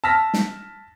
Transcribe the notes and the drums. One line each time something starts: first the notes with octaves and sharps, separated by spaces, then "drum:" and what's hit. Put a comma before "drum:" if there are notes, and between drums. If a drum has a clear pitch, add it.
A5 E6 F6 A#6 B6
drum: snare